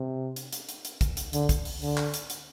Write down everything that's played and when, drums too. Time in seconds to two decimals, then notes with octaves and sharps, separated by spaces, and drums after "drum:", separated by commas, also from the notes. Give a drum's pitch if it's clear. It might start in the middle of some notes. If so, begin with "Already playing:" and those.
Already playing: C3
0.36 drum: hi-hat
0.53 drum: hi-hat
0.69 drum: hi-hat
0.85 drum: hi-hat
1.01 drum: kick, hi-hat
1.17 drum: hi-hat
1.33 D3, drum: hi-hat
1.49 drum: kick, hi-hat
1.65 drum: open hi-hat
1.82 D3, drum: open hi-hat
1.98 drum: clap
2.14 drum: hi-hat
2.30 drum: hi-hat